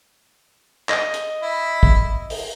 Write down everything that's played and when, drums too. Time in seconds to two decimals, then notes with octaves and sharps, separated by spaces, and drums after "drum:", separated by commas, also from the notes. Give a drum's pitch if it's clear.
0.89 D#5 A#6, drum: clap
1.14 drum: hi-hat
1.43 E4
1.83 drum: kick
2.30 drum: open hi-hat